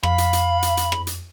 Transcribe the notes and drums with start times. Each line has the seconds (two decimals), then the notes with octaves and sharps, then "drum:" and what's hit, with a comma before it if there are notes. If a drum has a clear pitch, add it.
0.03 F2 F5 B5, drum: rim click
0.18 drum: hi-hat
0.33 drum: hi-hat
0.62 drum: hi-hat
0.77 drum: hi-hat
0.92 drum: rim click
1.07 drum: hi-hat